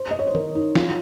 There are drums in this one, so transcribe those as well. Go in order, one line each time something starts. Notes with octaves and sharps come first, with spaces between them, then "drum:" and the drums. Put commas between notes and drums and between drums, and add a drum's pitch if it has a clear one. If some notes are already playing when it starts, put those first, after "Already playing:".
Already playing: C5
D#5
C#5
C5
A#4, drum: tom D#3
D#4
F4, drum: snare